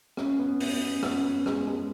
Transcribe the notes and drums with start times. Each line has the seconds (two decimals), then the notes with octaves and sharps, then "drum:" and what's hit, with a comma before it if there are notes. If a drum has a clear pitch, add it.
0.17 C#4, drum: rim click
0.39 B3
0.60 B3, drum: open hi-hat
0.82 C#4
1.03 C#4, drum: rim click
1.24 B3
1.46 G#3, drum: rim click
1.68 G#3